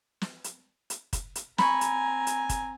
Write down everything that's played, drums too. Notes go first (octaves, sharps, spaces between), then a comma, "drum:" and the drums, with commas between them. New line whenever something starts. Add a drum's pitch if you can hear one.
drum: snare
drum: hi-hat
drum: hi-hat
drum: kick, hi-hat
drum: hi-hat
C4 G#5 A#5 B5 C#6, drum: snare
drum: hi-hat
drum: hi-hat
drum: kick, hi-hat